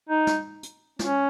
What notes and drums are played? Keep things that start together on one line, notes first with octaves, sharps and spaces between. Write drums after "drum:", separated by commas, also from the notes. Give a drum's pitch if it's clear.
D#4
drum: snare
drum: hi-hat
C#4, drum: snare